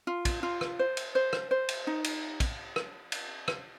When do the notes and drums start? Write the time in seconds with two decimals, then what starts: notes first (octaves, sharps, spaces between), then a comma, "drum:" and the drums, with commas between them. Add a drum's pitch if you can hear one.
0.07 F4
0.25 drum: kick A#1, cymbal
0.43 F4
0.61 drum: rim click
0.79 C5
0.97 drum: cymbal
1.15 C5
1.33 drum: rim click
1.51 C5
1.69 drum: cymbal
1.87 D#4
2.04 drum: cymbal
2.40 drum: kick A#1, cymbal
2.76 drum: rim click
3.12 drum: cymbal
3.48 drum: rim click